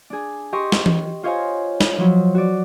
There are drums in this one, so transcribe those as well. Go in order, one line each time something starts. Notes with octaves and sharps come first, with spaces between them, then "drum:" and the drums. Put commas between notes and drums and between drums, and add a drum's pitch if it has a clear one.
D4 G#4
G4 D#5 C6 C#6
drum: snare
drum: tom E3
F4 C5 C#5 D#5 F5 G#5
drum: snare
F3 F#3
F#4 D5